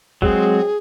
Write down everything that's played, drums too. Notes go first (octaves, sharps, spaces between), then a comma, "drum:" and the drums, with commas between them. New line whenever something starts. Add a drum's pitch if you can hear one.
F#3 G#3 C4 G#4, drum: kick